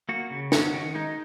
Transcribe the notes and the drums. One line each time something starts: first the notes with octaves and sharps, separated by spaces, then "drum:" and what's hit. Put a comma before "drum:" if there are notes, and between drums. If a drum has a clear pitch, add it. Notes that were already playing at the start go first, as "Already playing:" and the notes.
A#3 F#4
C#3
C#4 F#4, drum: snare
D#3
G#3 D#4